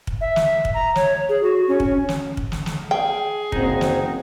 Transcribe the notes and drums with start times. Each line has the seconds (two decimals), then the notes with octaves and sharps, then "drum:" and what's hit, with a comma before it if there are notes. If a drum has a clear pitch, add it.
0.07 drum: kick
0.21 E5
0.36 drum: snare
0.65 drum: kick
0.74 A#5
0.95 C#5, drum: snare
1.29 G#4
1.43 F#4
1.68 C#4
1.80 drum: kick
2.09 drum: snare
2.37 drum: kick
2.52 drum: snare
2.66 drum: snare
2.91 G#4 G5
3.52 F#1 F#3 C4 D#4, drum: kick
3.81 drum: snare